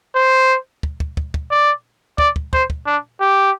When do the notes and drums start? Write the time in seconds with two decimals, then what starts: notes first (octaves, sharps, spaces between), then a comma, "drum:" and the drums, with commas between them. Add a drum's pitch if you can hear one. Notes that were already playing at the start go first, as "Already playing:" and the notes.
0.15 C5
0.83 drum: kick
1.00 drum: kick
1.17 drum: kick
1.34 drum: kick
1.51 D5
2.18 D5, drum: kick
2.36 drum: kick
2.53 C5, drum: kick
2.70 drum: kick
2.86 D4
3.20 G4